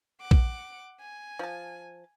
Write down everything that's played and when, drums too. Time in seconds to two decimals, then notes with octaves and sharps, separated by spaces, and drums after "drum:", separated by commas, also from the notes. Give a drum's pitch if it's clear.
0.21 F#5 D6
0.31 drum: kick A#1
1.01 G#5
1.39 F3 A5